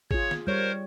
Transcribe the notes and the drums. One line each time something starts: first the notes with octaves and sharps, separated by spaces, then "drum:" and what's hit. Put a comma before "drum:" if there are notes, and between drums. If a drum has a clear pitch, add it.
F4 G#4 C#5, drum: kick G#1
drum: snare
G3 A#4 C5 C#5